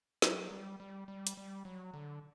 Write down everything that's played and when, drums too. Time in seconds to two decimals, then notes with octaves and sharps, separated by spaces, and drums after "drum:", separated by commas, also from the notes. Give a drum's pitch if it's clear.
0.22 F#3, drum: snare
0.51 G3
0.80 G3
1.08 G3
1.27 drum: hi-hat
1.37 G3
1.65 F#3
1.94 D3